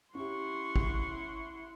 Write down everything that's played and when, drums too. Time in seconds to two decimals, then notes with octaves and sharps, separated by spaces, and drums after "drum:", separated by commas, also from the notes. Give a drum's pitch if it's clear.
0.15 C#4 E4 G4 F#5 C6 C#6
0.76 drum: kick G#1